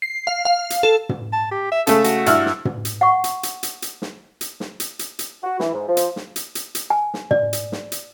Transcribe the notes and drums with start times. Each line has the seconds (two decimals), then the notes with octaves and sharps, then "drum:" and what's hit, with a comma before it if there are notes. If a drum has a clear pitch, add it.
0.02 C7
0.27 F5
0.45 F5
0.70 drum: hi-hat
0.83 A4
1.09 drum: tom
1.33 A5
1.51 G4
1.72 E5
1.87 C#3 A3 A4, drum: hi-hat
2.04 F#4, drum: hi-hat
2.26 G2 E4 F6, drum: hi-hat
2.46 drum: snare
2.65 drum: tom
2.85 drum: hi-hat
3.01 F#5 C#6
3.24 drum: hi-hat
3.43 drum: hi-hat
3.63 drum: hi-hat
3.82 drum: hi-hat
4.02 drum: snare
4.41 drum: hi-hat
4.60 drum: snare
4.80 drum: hi-hat
4.99 drum: hi-hat
5.19 drum: hi-hat
5.43 F#4
5.60 E3, drum: snare
5.73 G#2
5.87 F3
5.97 drum: hi-hat
6.16 drum: snare
6.36 drum: hi-hat
6.55 drum: hi-hat
6.75 drum: hi-hat
6.90 G#5
7.14 drum: snare
7.31 D5, drum: tom
7.53 drum: hi-hat
7.72 drum: snare
7.92 drum: hi-hat